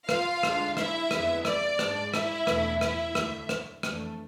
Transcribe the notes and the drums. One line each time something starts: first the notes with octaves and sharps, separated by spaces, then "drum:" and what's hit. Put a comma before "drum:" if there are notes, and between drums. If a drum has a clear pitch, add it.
F4 F5, drum: rim click
D2 D3 G#3 D4, drum: rim click
E4 E5, drum: rim click
F2 D3 G#3 B3, drum: rim click
D5, drum: rim click
G#2 G#3 D4, drum: rim click
E4 E5, drum: rim click
E2 B2 A3 D4, drum: rim click
E4 E5, drum: rim click
D2 D3 A3 E4, drum: rim click
drum: rim click
F2 E3 A3 D4, drum: rim click